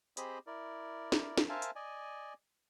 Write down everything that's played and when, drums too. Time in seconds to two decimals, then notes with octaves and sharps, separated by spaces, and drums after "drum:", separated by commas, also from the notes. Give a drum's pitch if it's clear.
0.17 C4 G4 G#4 C5 D#5 B5, drum: hi-hat
0.47 E4 A#4 D5
1.12 drum: snare
1.38 drum: snare
1.49 A#4 C5 E5 F5 G#5 A5
1.62 drum: hi-hat
1.75 D5 D#5 G#5